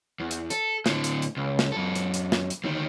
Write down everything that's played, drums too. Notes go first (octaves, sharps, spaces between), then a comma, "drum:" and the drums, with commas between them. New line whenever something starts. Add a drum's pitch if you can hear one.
E2
drum: hi-hat
A4, drum: hi-hat
A2 D3, drum: snare
drum: hi-hat
drum: hi-hat
C#2
drum: snare
F#2 A4
drum: hi-hat
drum: hi-hat
drum: snare
drum: hi-hat
D2 D#3